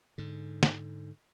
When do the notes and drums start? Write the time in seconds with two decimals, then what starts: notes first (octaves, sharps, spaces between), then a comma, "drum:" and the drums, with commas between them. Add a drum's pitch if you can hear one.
0.18 G#2 D3
0.63 drum: snare